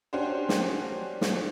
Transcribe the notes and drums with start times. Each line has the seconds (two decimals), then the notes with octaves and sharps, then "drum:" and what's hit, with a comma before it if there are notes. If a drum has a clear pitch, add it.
0.13 C#4 D4 F#4 G4 C5
0.49 drum: snare
1.21 drum: snare